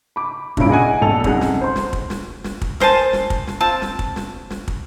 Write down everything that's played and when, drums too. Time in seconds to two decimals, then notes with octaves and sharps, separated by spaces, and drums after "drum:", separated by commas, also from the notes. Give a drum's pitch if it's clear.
0.16 B5 D6
0.57 E1 G2 A#2 C#4 E4 D7, drum: kick
0.69 G#4 D#5 F#5 G#5
1.01 E1 A#1 A4 F7
1.24 C2 F#2 D#4 G#4 F#5, drum: kick
1.41 drum: snare
1.61 C5 C6
1.76 drum: snare
1.93 drum: kick
2.10 drum: snare
2.44 drum: snare
2.61 drum: kick
2.80 A#4 C5 G#5 A5, drum: snare
3.13 drum: snare
3.30 drum: kick
3.47 drum: snare
3.60 C4 F4 A5
3.82 drum: snare
3.99 drum: kick
4.16 drum: snare
4.50 drum: snare
4.68 drum: kick